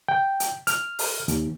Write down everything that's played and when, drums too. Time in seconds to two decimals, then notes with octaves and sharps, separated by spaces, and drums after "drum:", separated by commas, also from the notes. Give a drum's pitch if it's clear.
0.08 G5
0.40 drum: hi-hat
0.67 F6, drum: hi-hat
0.99 drum: open hi-hat
1.28 D#2, drum: hi-hat